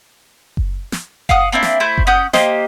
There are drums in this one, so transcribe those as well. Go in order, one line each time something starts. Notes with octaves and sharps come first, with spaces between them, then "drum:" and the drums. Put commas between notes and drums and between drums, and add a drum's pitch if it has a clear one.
drum: kick F#1
drum: snare
F5 F#5 D#6, drum: kick F#1
A#3 C4 D4 E4
drum: snare
A3 E4 C5 G6
drum: kick F#1
C#4 F#5 D#6 G6
A#3 G4 C5 D#5, drum: snare